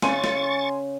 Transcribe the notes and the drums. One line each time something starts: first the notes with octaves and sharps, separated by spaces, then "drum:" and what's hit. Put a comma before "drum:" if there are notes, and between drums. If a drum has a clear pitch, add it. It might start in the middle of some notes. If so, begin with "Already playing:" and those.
C#3 G#5 C6 C#6 A6 D#7, drum: snare
drum: snare